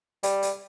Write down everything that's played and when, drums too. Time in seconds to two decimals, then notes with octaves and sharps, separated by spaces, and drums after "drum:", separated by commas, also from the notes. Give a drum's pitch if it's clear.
0.23 G3, drum: hi-hat
0.43 drum: hi-hat